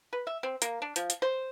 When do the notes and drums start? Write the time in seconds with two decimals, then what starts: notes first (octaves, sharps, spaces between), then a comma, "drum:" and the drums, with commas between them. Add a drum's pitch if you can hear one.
0.13 B4
0.27 E5
0.43 C4
0.62 A#3, drum: hi-hat
0.82 D4
0.96 F3, drum: hi-hat
1.10 drum: hi-hat
1.22 C5